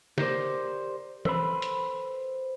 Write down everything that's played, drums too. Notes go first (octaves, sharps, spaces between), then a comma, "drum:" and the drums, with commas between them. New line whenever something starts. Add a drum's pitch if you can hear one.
G4 A#4 C5 D5, drum: snare
A4 B4 C5 B5, drum: tom E3
drum: hi-hat